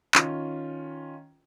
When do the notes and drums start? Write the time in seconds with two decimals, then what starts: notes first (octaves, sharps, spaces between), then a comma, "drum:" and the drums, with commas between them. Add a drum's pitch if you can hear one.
0.15 D#3 C#4 F4, drum: clap